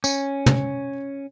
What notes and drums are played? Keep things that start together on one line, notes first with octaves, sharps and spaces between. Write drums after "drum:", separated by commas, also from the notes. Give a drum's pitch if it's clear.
C#4, drum: tambourine
drum: tom